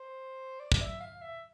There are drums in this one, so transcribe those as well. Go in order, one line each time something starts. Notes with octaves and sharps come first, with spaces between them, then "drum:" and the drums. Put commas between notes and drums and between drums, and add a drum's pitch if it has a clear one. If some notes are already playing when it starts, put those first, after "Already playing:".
Already playing: C5
D5
drum: kick
E5
F5
E5